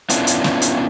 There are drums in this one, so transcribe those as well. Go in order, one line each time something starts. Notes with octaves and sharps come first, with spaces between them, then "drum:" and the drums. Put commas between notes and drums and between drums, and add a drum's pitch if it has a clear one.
B3 C#4 D4 E4 F4, drum: hi-hat
drum: hi-hat
drum: snare
drum: hi-hat